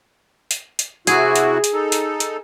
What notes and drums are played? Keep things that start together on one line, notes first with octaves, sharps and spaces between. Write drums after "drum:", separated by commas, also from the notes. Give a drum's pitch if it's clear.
drum: hi-hat
drum: hi-hat
C3 E4 F#4 G#4, drum: hi-hat
drum: hi-hat
drum: hi-hat
D#4 A4
drum: hi-hat
drum: hi-hat